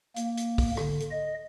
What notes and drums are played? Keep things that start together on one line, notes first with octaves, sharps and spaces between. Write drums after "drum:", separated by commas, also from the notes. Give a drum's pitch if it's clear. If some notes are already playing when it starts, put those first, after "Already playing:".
A#3, drum: hi-hat
drum: hi-hat
drum: kick, open hi-hat
D3, drum: rim click
drum: hi-hat
D#5